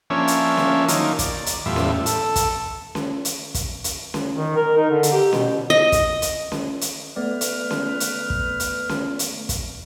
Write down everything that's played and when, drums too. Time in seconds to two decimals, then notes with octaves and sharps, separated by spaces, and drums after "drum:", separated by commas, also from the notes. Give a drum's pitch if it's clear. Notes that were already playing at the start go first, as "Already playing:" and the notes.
0.10 F3 A#3 C#4 D4 C#5 E5
0.28 drum: hi-hat
0.57 drum: snare C#4
0.88 D#3 F#3 A#3 D#4 F4, drum: hi-hat
1.19 D5, drum: kick, hi-hat
1.46 drum: hi-hat
1.66 E2 A2 G3 F4 E5
1.76 drum: snare C#4
2.06 A4, drum: hi-hat
2.36 drum: kick, hi-hat
2.95 drum: snare C#4
3.25 drum: hi-hat
3.54 drum: kick, hi-hat
3.84 drum: hi-hat
4.14 drum: snare C#4
4.35 D#3
4.56 A#4
4.77 D#4
4.90 D3
5.03 drum: hi-hat
5.13 G4
5.33 B2, drum: snare C#4
5.70 D#5
5.92 drum: kick, hi-hat
6.22 drum: hi-hat
6.52 drum: snare C#4
6.81 drum: hi-hat
7.16 A3 B3 B4 D5 F6
7.41 drum: hi-hat
7.71 drum: snare C#4
8.00 drum: hi-hat
8.30 drum: kick
8.60 drum: hi-hat
8.89 drum: snare C#4
9.19 drum: hi-hat
9.49 drum: kick, hi-hat